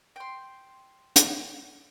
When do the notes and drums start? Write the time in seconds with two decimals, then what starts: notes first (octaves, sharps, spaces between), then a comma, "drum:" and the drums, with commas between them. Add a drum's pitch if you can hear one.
0.16 G5 C6
1.16 drum: hi-hat